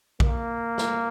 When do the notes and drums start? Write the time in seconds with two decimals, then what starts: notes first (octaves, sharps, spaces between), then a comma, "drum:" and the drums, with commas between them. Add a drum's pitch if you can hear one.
0.20 A#3, drum: kick A#1
0.78 drum: snare